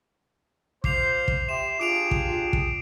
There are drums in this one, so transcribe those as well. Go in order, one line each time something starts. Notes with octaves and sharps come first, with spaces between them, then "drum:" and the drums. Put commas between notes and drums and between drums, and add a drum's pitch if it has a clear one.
F4 C5 D6 C7 F7, drum: kick
drum: kick
G4 E5 C6 E7
D4 F4 G4 G#4 D6 D7 F7
drum: kick
drum: kick